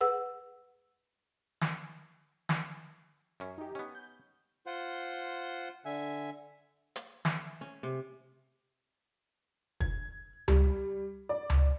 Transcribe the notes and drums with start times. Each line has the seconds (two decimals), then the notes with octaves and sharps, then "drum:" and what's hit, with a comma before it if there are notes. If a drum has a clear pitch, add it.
0.01 G#4 B4 F#5 E6
1.61 drum: snare
2.49 drum: snare
3.40 F#2 C#4
3.58 D#4 G4
3.75 B3 C#4
3.95 G6
4.66 F4 C5 F#5
5.85 D3 E5 G#5
6.96 drum: hi-hat
7.25 E5, drum: snare
7.61 C#4
7.83 C3
9.80 G#6, drum: kick
10.48 G3, drum: tom C#2
11.29 D5
11.50 drum: tom C#2